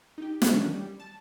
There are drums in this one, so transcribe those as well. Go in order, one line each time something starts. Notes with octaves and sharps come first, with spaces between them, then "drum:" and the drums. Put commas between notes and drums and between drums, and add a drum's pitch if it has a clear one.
D#4 G4
F#4 D5, drum: snare
D#3 E3 F#3 A3 C#4 D4
G3
A5